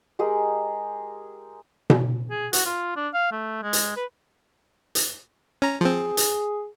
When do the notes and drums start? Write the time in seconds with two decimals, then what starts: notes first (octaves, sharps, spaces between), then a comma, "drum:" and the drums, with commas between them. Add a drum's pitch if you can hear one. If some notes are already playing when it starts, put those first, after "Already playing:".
0.19 G#3 G4 G#4 A#4
1.90 drum: tom B2
2.30 G#4
2.53 F#4, drum: hi-hat
2.66 F4
2.96 D4
3.14 F5
3.32 A3
3.63 G#3
3.73 drum: hi-hat
3.96 B4
4.95 drum: hi-hat
5.62 C#4 A#5
5.81 F3 C4 G#4
6.17 drum: hi-hat